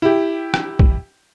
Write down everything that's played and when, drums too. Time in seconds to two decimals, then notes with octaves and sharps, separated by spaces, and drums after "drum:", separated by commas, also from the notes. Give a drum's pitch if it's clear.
0.02 E4 G4
0.54 drum: rim click
0.79 drum: kick